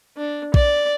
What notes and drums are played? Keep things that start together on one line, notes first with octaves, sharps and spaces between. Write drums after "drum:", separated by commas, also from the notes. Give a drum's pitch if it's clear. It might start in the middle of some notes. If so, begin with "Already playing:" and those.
D4
D5, drum: kick A#1